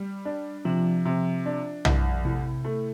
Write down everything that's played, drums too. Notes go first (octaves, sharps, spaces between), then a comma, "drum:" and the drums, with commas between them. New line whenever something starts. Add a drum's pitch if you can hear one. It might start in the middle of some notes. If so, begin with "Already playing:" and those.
Already playing: G3
D4
C3 F3
C3
D4
C2, drum: tom B1
A2 C3
A3